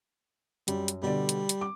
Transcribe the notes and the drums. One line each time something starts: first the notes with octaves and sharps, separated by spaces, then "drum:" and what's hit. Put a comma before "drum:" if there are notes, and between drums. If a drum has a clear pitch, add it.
F#2 G3, drum: hi-hat
drum: hi-hat
B2 D3 G3 D5
drum: hi-hat
drum: hi-hat
D6